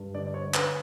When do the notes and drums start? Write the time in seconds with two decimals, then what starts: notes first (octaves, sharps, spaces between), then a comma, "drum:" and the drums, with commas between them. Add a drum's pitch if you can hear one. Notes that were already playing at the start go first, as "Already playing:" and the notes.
Already playing: G2
0.14 D3 D5
0.27 D5
0.34 C#5
0.44 D3
0.54 B4, drum: clap